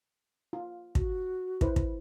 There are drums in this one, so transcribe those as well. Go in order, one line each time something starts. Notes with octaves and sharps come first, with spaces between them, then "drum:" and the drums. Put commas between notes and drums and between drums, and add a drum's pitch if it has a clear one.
F4
F#4, drum: kick
E4 B4 C5, drum: kick
drum: kick